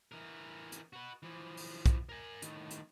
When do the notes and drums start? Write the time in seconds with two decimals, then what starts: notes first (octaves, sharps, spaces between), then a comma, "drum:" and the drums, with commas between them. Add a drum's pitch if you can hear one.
0.12 E3 A#4
0.72 drum: hi-hat
0.93 F#4 B4
1.23 E3 F3
1.57 drum: open hi-hat
1.86 drum: kick, hi-hat
2.09 A#4 G#5
2.42 A2 D#3, drum: hi-hat
2.71 drum: hi-hat